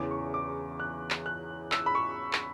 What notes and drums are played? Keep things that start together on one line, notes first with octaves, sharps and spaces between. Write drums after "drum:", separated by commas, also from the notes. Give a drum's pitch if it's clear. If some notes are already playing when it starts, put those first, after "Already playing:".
Already playing: E2 C#3 E3 D6
C#6
D6
F#6
drum: clap
F#6
E6, drum: clap
B5
C#6
drum: clap